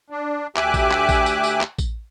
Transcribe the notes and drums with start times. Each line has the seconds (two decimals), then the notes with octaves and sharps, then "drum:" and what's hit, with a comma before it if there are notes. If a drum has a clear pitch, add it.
0.10 D4
0.56 D2 G4 E5 G#5 D6 F#6, drum: clap
0.74 drum: kick A1, tambourine
0.91 drum: clap
1.09 drum: kick A1, tambourine
1.26 drum: tambourine
1.44 drum: tambourine
1.61 drum: clap
1.78 drum: kick A1, tambourine